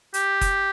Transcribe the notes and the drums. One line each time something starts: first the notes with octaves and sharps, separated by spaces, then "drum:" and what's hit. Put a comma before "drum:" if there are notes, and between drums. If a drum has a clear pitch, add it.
G4, drum: hi-hat
drum: kick F#1, hi-hat